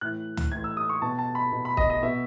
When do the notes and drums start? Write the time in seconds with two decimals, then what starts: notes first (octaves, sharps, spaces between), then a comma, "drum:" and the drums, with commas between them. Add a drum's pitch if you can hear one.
0.01 A2 E3 F#6
0.37 drum: tom C#2
0.51 A2 E3 G#6
0.64 E6
0.77 D#6
0.89 C#6
1.02 B2 A5
1.19 A5
1.35 B5
1.52 B2
1.65 B5
1.77 D#5, drum: kick
1.90 D#5
2.03 B2 E5